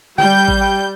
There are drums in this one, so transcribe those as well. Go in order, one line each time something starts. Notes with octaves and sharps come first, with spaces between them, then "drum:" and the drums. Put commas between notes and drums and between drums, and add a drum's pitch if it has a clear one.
G3 G5 G6, drum: tom D3
drum: kick A1
G5